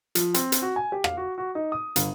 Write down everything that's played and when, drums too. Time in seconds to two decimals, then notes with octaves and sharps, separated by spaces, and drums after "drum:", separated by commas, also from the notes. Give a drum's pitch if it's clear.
0.15 F3, drum: hi-hat
0.34 C4, drum: hi-hat
0.52 drum: hi-hat
0.62 F#4
0.76 G#5
0.92 G4
1.04 F5, drum: rim click
1.17 F#4
1.38 F#4
1.55 D#4
1.72 D#6
1.96 G1, drum: hi-hat